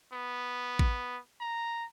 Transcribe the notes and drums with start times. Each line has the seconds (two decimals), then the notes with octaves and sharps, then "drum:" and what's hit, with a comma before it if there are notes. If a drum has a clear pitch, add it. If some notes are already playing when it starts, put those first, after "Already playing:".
0.13 B3
0.79 drum: kick A1
1.40 A#5